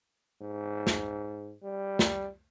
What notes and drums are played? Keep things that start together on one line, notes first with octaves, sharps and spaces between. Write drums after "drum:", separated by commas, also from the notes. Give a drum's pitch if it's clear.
G#2
drum: snare
G3
drum: snare